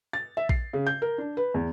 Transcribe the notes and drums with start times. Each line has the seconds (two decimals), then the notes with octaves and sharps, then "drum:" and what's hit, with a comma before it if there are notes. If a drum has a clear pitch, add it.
0.13 A6
0.37 E5
0.49 C7, drum: kick A#1
0.73 C#3
0.87 G6
1.02 A#4
1.18 D4
1.37 B4
1.54 E2